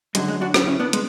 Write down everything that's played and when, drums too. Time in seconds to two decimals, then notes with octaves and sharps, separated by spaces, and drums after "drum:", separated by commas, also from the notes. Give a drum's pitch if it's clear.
0.15 F#2 D3 F#3 G#3, drum: hi-hat
0.28 G#3
0.41 D4 F#4
0.54 C#4 E4, drum: rim click
0.67 C#4 E4
0.80 B3 D4
0.93 G#3 B3, drum: hi-hat